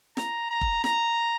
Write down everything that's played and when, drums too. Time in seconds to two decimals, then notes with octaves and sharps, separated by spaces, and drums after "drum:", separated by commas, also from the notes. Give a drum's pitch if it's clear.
0.17 A#5, drum: snare
0.50 A#5
0.61 drum: kick F1
0.84 A#5, drum: snare